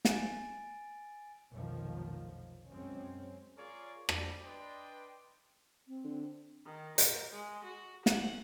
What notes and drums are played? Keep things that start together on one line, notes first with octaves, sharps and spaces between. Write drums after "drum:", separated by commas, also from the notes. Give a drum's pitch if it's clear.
G#5 A6 D7, drum: snare
F1 B1 D#3 F3
F#2 G#3 C4 C#4
F4 G#4 A#4 C#5 D5 C#6
G3, drum: rim click
D4 B4 D5 D#5 G5 C6
C4
D3
D#3
A#4, drum: hi-hat
G#3
F#4
F#5, drum: snare